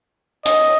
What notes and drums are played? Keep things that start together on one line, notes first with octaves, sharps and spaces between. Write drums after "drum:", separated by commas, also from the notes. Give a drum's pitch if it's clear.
D#5, drum: hi-hat